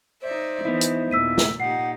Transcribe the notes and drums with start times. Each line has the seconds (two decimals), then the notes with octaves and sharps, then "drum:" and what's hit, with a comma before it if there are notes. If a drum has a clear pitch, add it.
0.22 D#4 C5 D5 E5
0.65 E3 B3 D#4 E4
0.81 drum: hi-hat
1.11 D#2 A#2 E6 B6 D#7
1.38 drum: snare
1.60 A#2 D#4 G4 F#5 C7